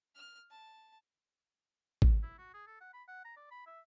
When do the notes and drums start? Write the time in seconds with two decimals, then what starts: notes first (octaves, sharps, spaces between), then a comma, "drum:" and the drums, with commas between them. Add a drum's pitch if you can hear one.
0.15 F6
0.50 A5
2.02 drum: kick
2.23 E4
2.38 F#4
2.54 G#4
2.67 A4
2.81 F#5
2.94 B5
3.08 F#5
3.25 A#5
3.37 D5
3.51 B5
3.67 E5